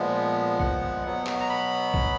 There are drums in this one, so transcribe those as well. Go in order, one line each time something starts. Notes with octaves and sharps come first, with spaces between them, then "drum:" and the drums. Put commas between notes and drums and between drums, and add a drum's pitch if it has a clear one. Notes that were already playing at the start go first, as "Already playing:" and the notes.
Already playing: A#2 F3 G#3 B3
F#5, drum: kick
B2 F#3 B3
drum: clap
A#5
B5
drum: kick